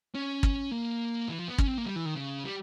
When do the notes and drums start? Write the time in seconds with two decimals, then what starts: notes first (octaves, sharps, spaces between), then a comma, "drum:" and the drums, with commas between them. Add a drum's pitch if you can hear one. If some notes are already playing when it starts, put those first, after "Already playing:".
0.15 C#4
0.43 drum: kick
0.71 A#3
1.29 E3
1.39 F3
1.48 B3
1.58 C#4, drum: kick
1.68 C4
1.77 A#3
1.86 G3
1.96 E3
2.05 D#3
2.15 C#3
2.44 G3